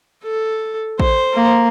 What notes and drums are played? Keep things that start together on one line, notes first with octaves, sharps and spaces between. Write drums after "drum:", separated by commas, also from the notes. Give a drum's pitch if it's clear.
A4
C5, drum: kick A1
A#3